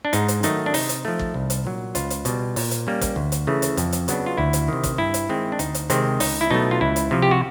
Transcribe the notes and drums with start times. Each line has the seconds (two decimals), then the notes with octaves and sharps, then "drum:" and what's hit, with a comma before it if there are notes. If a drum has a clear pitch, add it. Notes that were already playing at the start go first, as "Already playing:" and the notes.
0.05 D4
0.13 G#2 D#4, drum: hi-hat
0.28 drum: hi-hat
0.43 D#3 F#3 A3 D#4, drum: hi-hat
0.66 D4
0.74 C3 D#4, drum: open hi-hat
0.89 drum: hi-hat
1.05 F3 A3
1.19 drum: kick
1.34 C2
1.50 drum: hi-hat
1.65 A#2 F#3
1.95 C#2 F4, drum: hi-hat
2.10 drum: hi-hat
2.25 B2 G3, drum: hi-hat
2.56 A#2, drum: open hi-hat
2.71 drum: hi-hat
2.87 G3 A#3 C#4
3.01 drum: kick, hi-hat
3.16 D2
3.32 drum: hi-hat
3.47 C#3 E3 A3
3.62 drum: hi-hat
3.77 F2, drum: hi-hat
3.92 drum: hi-hat
4.08 C#3 F#3 B3 D4, drum: hi-hat
4.26 F4
4.37 D2 E4
4.53 drum: hi-hat
4.68 C3 D#3
4.83 drum: kick, hi-hat
4.98 G2 E4
5.14 drum: hi-hat
5.29 D#3 G#3 C4
5.52 D4
5.59 D2 D#4, drum: hi-hat
5.74 drum: hi-hat
5.90 C3 D#3 G#3 C4, drum: hi-hat
6.20 C#2 D#4, drum: open hi-hat
6.41 E4
6.50 B2 F#3 A3 D#4
6.71 F4
6.81 C#2 E4
6.96 drum: hi-hat
7.11 C3 F3
7.22 G4
7.31 F#4